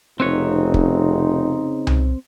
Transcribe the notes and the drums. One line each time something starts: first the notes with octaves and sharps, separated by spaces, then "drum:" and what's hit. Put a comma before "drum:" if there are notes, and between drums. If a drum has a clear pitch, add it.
F1 C#3 C4 D#4 B4 C#5
drum: kick
drum: tom C2